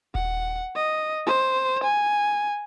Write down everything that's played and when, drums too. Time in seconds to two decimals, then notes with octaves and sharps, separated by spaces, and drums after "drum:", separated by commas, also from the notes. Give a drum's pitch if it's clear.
0.15 F#5, drum: kick D#1
0.76 D#5
1.27 C5
1.84 G#5